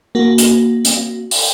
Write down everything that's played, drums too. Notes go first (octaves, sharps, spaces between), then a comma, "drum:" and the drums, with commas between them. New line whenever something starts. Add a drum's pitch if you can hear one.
A#3 F#4
drum: hi-hat
drum: hi-hat
drum: open hi-hat